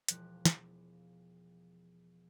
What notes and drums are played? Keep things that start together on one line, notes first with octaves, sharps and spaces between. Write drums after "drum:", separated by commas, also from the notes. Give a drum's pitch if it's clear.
E1 F3 F#6, drum: hi-hat
drum: snare